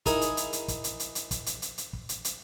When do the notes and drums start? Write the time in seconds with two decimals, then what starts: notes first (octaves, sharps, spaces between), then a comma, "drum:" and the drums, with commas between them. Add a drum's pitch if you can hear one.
0.06 D#4 E4 G#4 A#4 G#5, drum: kick, hi-hat
0.21 drum: hi-hat
0.37 drum: hi-hat
0.53 drum: hi-hat
0.68 drum: kick, hi-hat
0.84 drum: hi-hat
1.00 drum: hi-hat
1.15 drum: hi-hat
1.31 drum: kick, hi-hat
1.46 drum: hi-hat
1.62 drum: hi-hat
1.78 drum: hi-hat
1.93 drum: kick
2.09 drum: hi-hat
2.25 drum: hi-hat